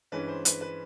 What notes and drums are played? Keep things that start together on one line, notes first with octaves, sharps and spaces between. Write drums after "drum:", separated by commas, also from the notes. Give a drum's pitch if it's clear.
G2 E3 G#3 C#4 B4
C5
B4, drum: hi-hat
B4